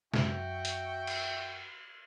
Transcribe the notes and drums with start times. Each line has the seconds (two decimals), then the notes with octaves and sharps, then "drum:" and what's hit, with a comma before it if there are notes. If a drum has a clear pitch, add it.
0.14 F#2 F#4 E5 G5, drum: snare
0.65 drum: hi-hat
1.07 drum: cymbal